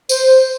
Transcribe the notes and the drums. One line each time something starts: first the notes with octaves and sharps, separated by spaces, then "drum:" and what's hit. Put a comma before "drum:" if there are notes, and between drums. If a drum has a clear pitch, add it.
C5, drum: tambourine